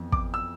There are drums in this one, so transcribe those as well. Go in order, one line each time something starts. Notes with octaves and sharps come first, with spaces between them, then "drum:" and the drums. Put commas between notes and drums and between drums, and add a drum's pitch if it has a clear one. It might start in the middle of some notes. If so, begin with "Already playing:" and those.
Already playing: F2 E3 B3
D6, drum: kick
E6